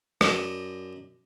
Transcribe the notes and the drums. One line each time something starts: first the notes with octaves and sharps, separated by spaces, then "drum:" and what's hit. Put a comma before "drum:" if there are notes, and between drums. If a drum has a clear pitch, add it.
F#2 D5 D#5 A5, drum: rim click